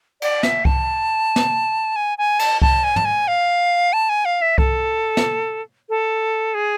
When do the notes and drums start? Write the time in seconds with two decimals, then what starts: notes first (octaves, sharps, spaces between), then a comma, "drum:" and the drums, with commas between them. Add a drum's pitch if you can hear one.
0.22 D5, drum: cymbal
0.43 E5, drum: snare
0.65 A5, drum: kick C2
1.36 drum: snare
1.96 G#5
2.18 G#5
2.39 A5, drum: cymbal
2.62 A5, drum: kick C2
2.84 G#5
2.96 A5, drum: tom
3.05 G#5
3.28 F5
3.93 A5
4.09 G#5
4.25 F5
4.42 E5
4.58 A4, drum: kick C2
5.17 drum: snare
5.89 A4
6.54 G#4